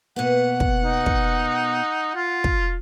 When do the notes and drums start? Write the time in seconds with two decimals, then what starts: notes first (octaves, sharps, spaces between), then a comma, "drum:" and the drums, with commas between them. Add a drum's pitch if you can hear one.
0.16 B2 A#3 B3 F#5
0.60 drum: kick
0.83 D#4
1.06 drum: kick
2.15 F4
2.44 drum: kick